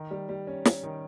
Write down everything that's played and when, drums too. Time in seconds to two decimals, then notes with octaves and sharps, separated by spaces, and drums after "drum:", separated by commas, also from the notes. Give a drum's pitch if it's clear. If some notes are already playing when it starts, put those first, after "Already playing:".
Already playing: D#3
0.11 G3
0.29 G3
0.47 C#4
0.65 C#4, drum: snare
0.83 D#3